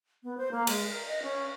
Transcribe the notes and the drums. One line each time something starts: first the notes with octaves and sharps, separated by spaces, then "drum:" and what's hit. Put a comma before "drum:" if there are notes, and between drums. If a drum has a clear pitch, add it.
B3
C5
A#3
G#3, drum: cymbal
A#4
D#5
C#4